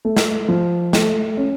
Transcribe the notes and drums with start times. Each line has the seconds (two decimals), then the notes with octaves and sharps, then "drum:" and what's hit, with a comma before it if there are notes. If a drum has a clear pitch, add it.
0.05 A3
0.17 drum: snare
0.48 F3
0.93 A3, drum: snare
1.37 C#4